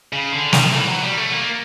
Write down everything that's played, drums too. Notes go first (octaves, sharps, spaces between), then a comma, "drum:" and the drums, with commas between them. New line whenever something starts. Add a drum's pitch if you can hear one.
C#3
D3
D#3, drum: snare
E3
F#3
G3
A3
A#3